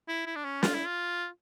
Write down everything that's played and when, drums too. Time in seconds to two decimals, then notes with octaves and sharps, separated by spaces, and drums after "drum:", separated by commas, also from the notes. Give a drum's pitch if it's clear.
0.08 E4
0.26 E4
0.36 D4
0.44 C#4
0.63 F4, drum: snare
0.75 E4
0.87 F4